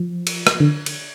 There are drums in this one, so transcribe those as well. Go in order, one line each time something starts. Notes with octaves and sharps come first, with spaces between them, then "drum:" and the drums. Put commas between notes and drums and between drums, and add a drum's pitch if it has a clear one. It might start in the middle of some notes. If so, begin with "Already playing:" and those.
Already playing: F3
drum: cymbal
drum: rim click
D3
drum: cymbal